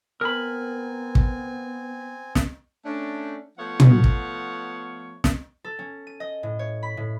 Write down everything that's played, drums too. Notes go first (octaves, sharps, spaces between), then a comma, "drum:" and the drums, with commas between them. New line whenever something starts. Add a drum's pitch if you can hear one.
B3 C4 A#4 G#5 B5
drum: kick
drum: snare
A3 C#4 D4
F3 A3 B3 C#5 F5 F#5
drum: tom
drum: kick
drum: snare
A4
C#4
D#7
D#5
A2
C#5
B5
A2